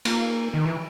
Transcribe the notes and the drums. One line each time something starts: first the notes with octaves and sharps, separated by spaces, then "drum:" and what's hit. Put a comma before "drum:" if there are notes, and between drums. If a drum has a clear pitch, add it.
A#3, drum: cymbal
D#3
E3